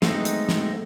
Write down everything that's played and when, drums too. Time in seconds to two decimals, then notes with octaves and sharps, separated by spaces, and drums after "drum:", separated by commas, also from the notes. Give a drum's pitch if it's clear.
0.02 G#3 A3 B3 C4 D#4, drum: snare
0.25 drum: hi-hat
0.49 drum: snare